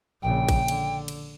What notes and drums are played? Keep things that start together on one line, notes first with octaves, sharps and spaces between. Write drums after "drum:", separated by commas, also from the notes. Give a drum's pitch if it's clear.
A#1 C#3 G5
drum: kick, cymbal
D3, drum: cymbal
drum: cymbal